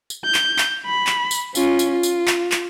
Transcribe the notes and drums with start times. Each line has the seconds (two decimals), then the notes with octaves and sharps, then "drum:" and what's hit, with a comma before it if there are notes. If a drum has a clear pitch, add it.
0.10 drum: tambourine
0.25 G6
0.34 drum: clap
0.58 drum: clap
0.86 B5
1.07 drum: clap
1.31 drum: tambourine
1.55 C#4 F4, drum: tambourine
1.79 drum: tambourine
1.91 F4
2.03 drum: tambourine
2.27 drum: clap
2.52 drum: clap